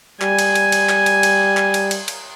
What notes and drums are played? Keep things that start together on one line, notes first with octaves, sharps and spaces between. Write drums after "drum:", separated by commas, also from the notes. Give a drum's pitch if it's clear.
G3 G#5, drum: clap
drum: cymbal
drum: cymbal
drum: cymbal
drum: clap
drum: cymbal
drum: cymbal
drum: clap
drum: cymbal
drum: cymbal
drum: cymbal